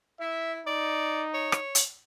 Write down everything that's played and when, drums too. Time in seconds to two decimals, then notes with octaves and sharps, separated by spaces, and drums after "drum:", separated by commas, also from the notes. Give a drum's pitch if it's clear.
0.20 E4 E5
0.67 D#4 D5
1.34 C#5
1.52 drum: rim click
1.75 drum: hi-hat